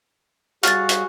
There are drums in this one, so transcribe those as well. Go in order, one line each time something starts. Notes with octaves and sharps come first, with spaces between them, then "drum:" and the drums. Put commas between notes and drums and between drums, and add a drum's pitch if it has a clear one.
G3 F#4 G#4 F5 F6 A6, drum: hi-hat
drum: hi-hat